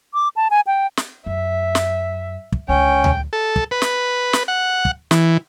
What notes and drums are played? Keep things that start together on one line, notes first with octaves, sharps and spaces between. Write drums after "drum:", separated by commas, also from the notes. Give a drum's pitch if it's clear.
D6
A5
G#5
G5
drum: snare
F#2 E5
drum: snare
drum: kick
C#2 D3 C#4 G5
drum: tom D2
A4
drum: kick
B4
drum: snare
drum: snare
F#5
drum: kick
E3, drum: snare